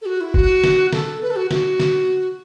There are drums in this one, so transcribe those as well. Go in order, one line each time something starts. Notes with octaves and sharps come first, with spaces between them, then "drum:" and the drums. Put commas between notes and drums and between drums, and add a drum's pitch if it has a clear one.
A4
F#4
E4
F#4, drum: kick F#1
drum: snare
A4, drum: snare
B4
A4
F#4
F#4, drum: snare
drum: snare